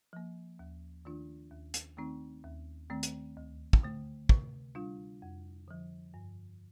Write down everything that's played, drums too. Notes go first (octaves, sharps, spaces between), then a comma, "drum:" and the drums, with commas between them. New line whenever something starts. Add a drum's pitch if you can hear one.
F3 A#3
D#2
D#3 A3 D4 F4
D#2
drum: hi-hat
D#3 A3 C4 D#4
D#2
D#3 A3 C4
drum: hi-hat
D2
drum: kick
D3 A3
C3, drum: kick
G3 D4 F4
F2
D3 F3
G2